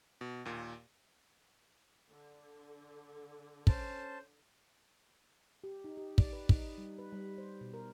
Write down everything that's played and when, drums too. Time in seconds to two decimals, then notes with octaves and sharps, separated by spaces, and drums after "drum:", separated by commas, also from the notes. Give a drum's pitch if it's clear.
0.21 B2
0.45 D#2 A#2
2.10 D3
3.67 C#4 C5 A5, drum: kick
5.64 G4
5.84 D#4
5.97 G4
6.18 D5, drum: kick
6.33 B4
6.49 D#4, drum: kick
6.78 G3
6.99 B4
7.12 G3
7.38 C5
7.61 B2
7.74 A#4